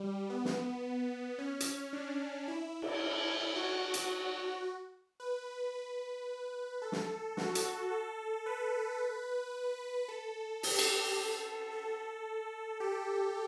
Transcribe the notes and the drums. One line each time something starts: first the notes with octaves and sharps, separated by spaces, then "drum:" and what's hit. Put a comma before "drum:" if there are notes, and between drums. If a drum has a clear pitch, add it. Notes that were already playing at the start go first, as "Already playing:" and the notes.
Already playing: G3
B3
drum: snare
C#4
drum: hi-hat
D4
E4
drum: cymbal
F#4
drum: hi-hat
B4
B4
A4
drum: snare
F#4, drum: snare
drum: hi-hat
A4
B4
A4
G4, drum: open hi-hat
drum: cymbal
A4
A4
G4